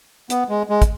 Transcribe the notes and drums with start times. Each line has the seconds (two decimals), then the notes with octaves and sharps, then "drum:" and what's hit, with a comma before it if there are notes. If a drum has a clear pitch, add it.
0.30 B3, drum: hi-hat
0.49 G#3
0.69 G#3
0.82 drum: kick, hi-hat